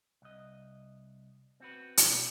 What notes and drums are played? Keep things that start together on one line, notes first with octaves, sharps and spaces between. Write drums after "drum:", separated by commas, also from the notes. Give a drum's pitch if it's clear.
C2 D#5
C4 F#4 B4
B2, drum: hi-hat